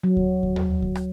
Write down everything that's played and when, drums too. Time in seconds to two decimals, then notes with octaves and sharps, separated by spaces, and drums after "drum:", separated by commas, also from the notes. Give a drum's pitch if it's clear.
0.04 F#3
0.17 drum: kick D2
0.43 drum: kick D2
0.56 drum: tom D#2
0.82 drum: kick D2
0.95 drum: rim click